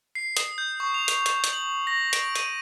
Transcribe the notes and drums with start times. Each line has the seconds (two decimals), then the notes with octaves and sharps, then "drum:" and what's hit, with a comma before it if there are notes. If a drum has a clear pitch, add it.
0.15 C7
0.37 D#6, drum: hi-hat
0.58 G6
0.80 C#6
0.94 F7
1.08 drum: hi-hat
1.26 drum: hi-hat
1.44 drum: hi-hat
1.53 F#7
1.87 A#6
2.13 D7, drum: hi-hat
2.35 D#7, drum: hi-hat